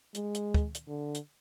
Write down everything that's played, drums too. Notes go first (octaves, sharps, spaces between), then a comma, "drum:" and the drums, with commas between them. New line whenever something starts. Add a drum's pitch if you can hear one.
G#3, drum: hi-hat
drum: hi-hat
drum: kick
drum: hi-hat
D3
drum: hi-hat